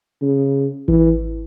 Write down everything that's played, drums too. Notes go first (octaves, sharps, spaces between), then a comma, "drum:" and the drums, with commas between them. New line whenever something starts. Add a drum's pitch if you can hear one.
C#3
E3, drum: kick A1